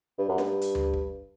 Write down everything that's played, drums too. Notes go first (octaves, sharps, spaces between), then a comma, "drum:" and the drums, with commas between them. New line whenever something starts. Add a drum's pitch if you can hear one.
G2
F#2
G2, drum: snare
drum: hi-hat
drum: tom D2
drum: kick